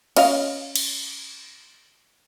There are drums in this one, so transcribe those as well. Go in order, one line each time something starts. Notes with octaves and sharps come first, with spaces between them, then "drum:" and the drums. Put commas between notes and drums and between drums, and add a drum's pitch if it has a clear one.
C#4 D#5 F5, drum: cymbal
drum: cymbal